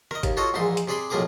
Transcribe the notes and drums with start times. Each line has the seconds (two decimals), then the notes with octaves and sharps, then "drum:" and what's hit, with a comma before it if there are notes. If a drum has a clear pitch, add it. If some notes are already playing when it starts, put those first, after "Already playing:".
0.11 A#4 D#5, drum: rim click
0.23 D#2, drum: kick G1, hi-hat
0.37 F4 F#4 A4 C#5 D#5
0.54 A#1 G#2 E3 D#4 C6
0.77 drum: hi-hat
0.88 C3 G#4 D5 B5 C6
1.10 B1 A2 F3 A#3 G#4 D6